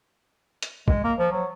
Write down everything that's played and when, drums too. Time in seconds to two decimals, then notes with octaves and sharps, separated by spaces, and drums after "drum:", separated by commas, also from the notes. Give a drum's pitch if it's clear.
0.63 drum: hi-hat
0.88 G#3, drum: kick A1
1.04 A#3
1.18 F3
1.31 F#3